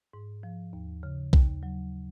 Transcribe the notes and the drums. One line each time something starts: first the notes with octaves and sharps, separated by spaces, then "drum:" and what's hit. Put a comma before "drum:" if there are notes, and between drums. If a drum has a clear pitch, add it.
G#2
F3
D#2
C#3
D#2, drum: kick
F#3